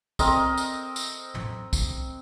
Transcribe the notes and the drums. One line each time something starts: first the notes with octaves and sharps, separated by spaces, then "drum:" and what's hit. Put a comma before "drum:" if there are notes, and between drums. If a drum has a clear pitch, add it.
C4 A#4 D#5, drum: kick, tambourine
drum: tambourine
drum: tambourine
drum: tom
drum: kick, tambourine